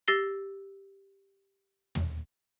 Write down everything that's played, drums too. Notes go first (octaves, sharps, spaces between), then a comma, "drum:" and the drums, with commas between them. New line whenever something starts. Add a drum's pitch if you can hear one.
G4 E6 A6 A#6 C7 G7
drum: tom